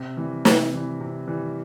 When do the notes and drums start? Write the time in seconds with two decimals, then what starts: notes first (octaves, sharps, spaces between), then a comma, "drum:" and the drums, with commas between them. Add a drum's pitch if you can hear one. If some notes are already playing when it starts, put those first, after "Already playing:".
Already playing: C3
0.17 E3 G3
0.45 C3, drum: snare
0.72 E3 G3
1.01 C3
1.28 E3 G3